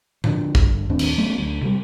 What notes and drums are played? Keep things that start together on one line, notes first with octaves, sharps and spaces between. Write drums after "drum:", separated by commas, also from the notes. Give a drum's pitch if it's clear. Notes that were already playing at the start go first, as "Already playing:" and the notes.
D3 F3, drum: tom A2
G1, drum: kick A#1
D#2 A2 C4 D4
drum: cymbal
F#3 A3 B3 C#4
D2
C3 G3